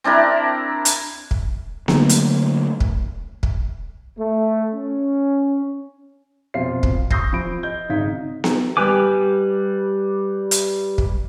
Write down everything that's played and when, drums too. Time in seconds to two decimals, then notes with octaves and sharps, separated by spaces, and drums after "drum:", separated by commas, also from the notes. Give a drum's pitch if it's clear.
0.04 C4 D4 E4 A#4
0.85 drum: hi-hat
1.31 drum: kick
1.88 D3 F#3 A3 A#3, drum: snare B3
2.09 drum: hi-hat
2.80 drum: kick
3.43 drum: kick
4.16 A3
4.73 C#4
6.54 F2 B2 F4 C5 C7
6.83 drum: kick
7.11 C#6 D#6 E6 G6 A#6 C7, drum: kick
7.33 F3 B5 D7
7.63 D#5 G6
7.90 G#1 C#3 D#4 F5 G#6 B6
8.44 drum: snare B3
8.77 G3 G4 B4 G#5 D6
10.51 drum: hi-hat
10.98 drum: kick